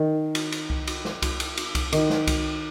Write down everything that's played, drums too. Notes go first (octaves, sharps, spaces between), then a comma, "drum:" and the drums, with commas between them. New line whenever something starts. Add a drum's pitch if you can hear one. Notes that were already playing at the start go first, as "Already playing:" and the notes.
Already playing: D#3
drum: cymbal
drum: cymbal
drum: kick C2
drum: cymbal
drum: snare
drum: kick C2, cymbal
drum: cymbal
drum: cymbal
drum: kick C2, cymbal
D#3, drum: cymbal
drum: snare
drum: kick C2, cymbal